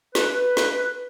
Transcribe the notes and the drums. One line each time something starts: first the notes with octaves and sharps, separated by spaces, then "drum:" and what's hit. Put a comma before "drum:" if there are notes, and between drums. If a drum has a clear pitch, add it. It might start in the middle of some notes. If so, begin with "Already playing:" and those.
B4, drum: snare
drum: snare